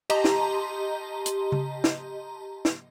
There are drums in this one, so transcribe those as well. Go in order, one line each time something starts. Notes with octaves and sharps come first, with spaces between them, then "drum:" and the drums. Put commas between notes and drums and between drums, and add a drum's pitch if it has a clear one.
G4 D#5 A5 A#5 C6, drum: cymbal
drum: snare
drum: hi-hat
drum: tom C#3
drum: snare
drum: snare